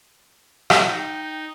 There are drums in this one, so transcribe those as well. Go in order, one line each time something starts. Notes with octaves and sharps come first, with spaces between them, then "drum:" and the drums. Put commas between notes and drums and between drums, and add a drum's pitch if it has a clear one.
drum: rim click
D#4 G5